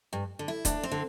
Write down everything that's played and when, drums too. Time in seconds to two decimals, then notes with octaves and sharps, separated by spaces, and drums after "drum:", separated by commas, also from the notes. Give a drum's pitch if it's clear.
0.13 G2
0.39 D3
0.48 E4
0.65 D2 D4, drum: kick D#1, hi-hat
0.83 C4
0.91 D3